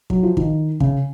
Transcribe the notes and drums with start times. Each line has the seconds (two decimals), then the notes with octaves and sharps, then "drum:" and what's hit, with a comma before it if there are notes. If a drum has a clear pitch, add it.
0.10 F#3, drum: kick
0.23 F3
0.37 D#3, drum: kick
0.80 C#3, drum: kick